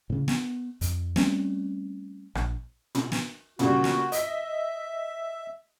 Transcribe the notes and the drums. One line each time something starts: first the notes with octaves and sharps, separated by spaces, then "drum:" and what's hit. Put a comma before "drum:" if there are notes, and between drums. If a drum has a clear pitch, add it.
A2 C#3
B3, drum: snare
F2, drum: hi-hat
G3 A3 C4 C#4, drum: snare
A#1, drum: rim click
drum: tom
drum: snare
A#2 C#3 G3 F#4, drum: tom
drum: snare
D#5 E5 B6, drum: hi-hat